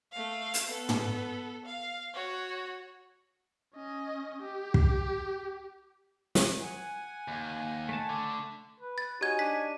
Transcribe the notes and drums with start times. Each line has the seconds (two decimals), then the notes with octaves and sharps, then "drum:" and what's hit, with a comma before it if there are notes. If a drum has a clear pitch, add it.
0.12 A3 F5
0.54 drum: hi-hat
0.69 B3 A4
0.89 drum: tom
1.66 F5
2.14 F#4 C#5
3.74 C#4 D#5
4.41 G4
4.74 drum: kick
6.35 drum: snare
6.60 F#5 G#5
7.28 D#2
7.89 A3 A5
8.10 D3
8.80 B4
8.98 A6
9.21 D#4 F#4 G4 C#5 G#5 G#6
9.39 D4 B6